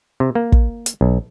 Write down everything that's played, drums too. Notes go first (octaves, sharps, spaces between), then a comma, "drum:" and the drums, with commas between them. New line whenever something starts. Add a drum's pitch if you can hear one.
C3
A#3
drum: kick
drum: hi-hat
B1